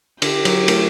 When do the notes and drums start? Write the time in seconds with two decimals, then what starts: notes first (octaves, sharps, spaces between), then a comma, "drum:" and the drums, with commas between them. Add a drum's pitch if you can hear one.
0.22 D3 G4, drum: cymbal
0.45 F#3, drum: cymbal
0.68 A3, drum: cymbal